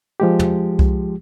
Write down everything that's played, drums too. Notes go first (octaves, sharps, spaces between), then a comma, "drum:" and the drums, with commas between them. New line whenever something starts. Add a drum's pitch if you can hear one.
F3 G#3 G4
drum: tom
drum: kick C2